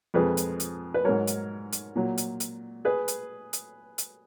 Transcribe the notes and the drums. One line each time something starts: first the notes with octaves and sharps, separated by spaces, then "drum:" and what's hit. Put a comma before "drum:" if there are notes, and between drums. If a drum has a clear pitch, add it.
F2 F3 G#3 G#4 B4
drum: hi-hat
drum: hi-hat
B4
G#2 F#3 A#4 C#5
drum: hi-hat
drum: hi-hat
A#2 F#3
drum: hi-hat
drum: hi-hat
G#4 B4
drum: hi-hat
drum: hi-hat
drum: hi-hat